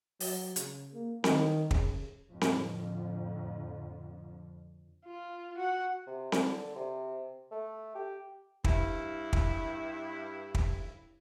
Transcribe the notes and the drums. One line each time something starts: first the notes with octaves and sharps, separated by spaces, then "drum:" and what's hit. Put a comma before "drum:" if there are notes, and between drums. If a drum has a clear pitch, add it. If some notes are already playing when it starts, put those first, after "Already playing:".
F#3, drum: open hi-hat
C#3, drum: hi-hat
A#3
D#3, drum: snare C4
C#3, drum: kick
F2 A2 D3
drum: snare C4
F4
F#4 F#5
C3
D3, drum: snare C4
C3
A3
G4
G2 E4, drum: kick
drum: kick
drum: kick